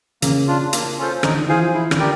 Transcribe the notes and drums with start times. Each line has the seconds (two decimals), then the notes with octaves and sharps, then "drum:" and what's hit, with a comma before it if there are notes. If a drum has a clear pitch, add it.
0.22 C#3 A#3, drum: hi-hat
0.47 D4 F4
0.73 A#3, drum: hi-hat
0.98 C#4 F4 A4 C5
1.23 D3 D#4, drum: rim click
1.36 D#3
1.48 E3 G#4 C5 F5 G#5
1.61 F3
1.74 E3 E4
1.91 D3, drum: rim click
2.00 G4 A#4 D5 G5